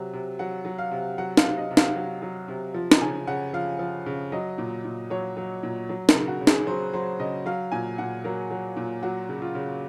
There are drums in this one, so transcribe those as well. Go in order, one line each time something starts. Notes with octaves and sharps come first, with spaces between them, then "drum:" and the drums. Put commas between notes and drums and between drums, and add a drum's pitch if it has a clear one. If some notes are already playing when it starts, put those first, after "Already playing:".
Already playing: C3 F#3
C3
F#3 F#5
F#3
F5
C3
F#3 F#5
F5, drum: snare
C3
D#5
C3
F5, drum: snare
F#3
F#3
C3
F3
A#5, drum: snare
C#3 G#5
C#3 F#5
F3 F5
F3
C#3
F#3 D#5
A#2
A#2
F#3 C#5
F#3
A#2
F#3
A#4, drum: snare
C#3
F#4
C#3
G#4, drum: snare
F#3 C5
F#3 C5
C#3 D#5
F#3 F5
A#2 G#5
A#2 F#5
F#3 A#4
F#3
A#2
F#3 F#4
C#3
F4
C#3